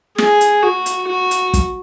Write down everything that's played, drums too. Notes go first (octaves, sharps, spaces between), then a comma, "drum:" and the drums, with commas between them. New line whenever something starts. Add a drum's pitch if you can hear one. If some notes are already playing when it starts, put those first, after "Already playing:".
G#4, drum: snare
drum: hi-hat
F#4
drum: hi-hat
F#4
drum: hi-hat
drum: kick, hi-hat